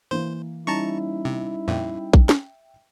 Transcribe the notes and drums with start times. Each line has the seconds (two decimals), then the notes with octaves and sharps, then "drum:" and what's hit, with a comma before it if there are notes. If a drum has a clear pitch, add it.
0.11 E3 A#3 C5
0.67 G3 C#4 D#4 E4 A5 A#5 C#6
1.25 C3
1.68 F2 A#2 E5 G5
2.13 drum: kick A#1
2.29 drum: snare